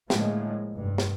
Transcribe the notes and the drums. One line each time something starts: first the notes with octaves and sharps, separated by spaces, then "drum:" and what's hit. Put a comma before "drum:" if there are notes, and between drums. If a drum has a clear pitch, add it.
A2 D3 F3 G#3 A#3, drum: snare
F1 G2
drum: snare